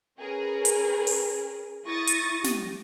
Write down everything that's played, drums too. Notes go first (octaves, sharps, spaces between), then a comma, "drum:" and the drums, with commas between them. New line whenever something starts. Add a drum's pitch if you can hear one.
C#4 G#4 A#4 B4
drum: hi-hat
drum: open hi-hat
E4 C#6 D#6 A6 A#6
drum: hi-hat
G4, drum: snare